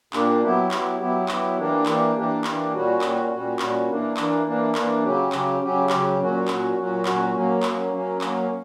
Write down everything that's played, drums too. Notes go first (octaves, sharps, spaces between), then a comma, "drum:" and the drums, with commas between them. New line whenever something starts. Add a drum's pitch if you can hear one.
A#2 A#3 D4 G4, drum: clap
F#3 B3 E4 G4
F#3 B3 E4 G4, drum: clap
F#3 B3 E4 G4
F#3 B3 E4 G4, drum: clap
E3 A#3 D4 G4
E3 A#3 D4 G4, drum: clap
E3 A#3 D4 G4
E3 A#3 D4 G4, drum: clap
A#2 G3 C#4 F#4
A#2 G3 C#4 F#4, drum: clap
A#2 G3 C#4 F#4
A#2 G3 C#4 F#4, drum: clap
E3 A#3 D4
E3 A#3 D4, drum: clap
E3 A#3 D4
E3 A#3 D4, drum: clap
C#3 F#3 C#4 G4
C#3 F#3 C#4 G4, drum: clap
C#3 F#3 C#4 G4
C#3 F#3 C#4 G4, drum: clap
A#2 F#3 C#4 F#4
A#2 F#3 C#4 F#4, drum: clap
A#2 F#3 C#4 F#4
A#2 F#3 C#4 F#4, drum: clap
F#3 A#3 C#4
F#3 A#3 C#4, drum: clap
F#3 A#3 C#4
F#3 A#3 C#4, drum: clap